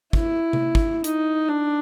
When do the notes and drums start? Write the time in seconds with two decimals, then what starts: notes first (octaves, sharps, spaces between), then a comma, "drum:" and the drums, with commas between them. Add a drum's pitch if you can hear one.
0.13 E4, drum: kick
0.53 drum: tom C3
0.75 drum: kick
1.04 D#4, drum: hi-hat
1.49 D4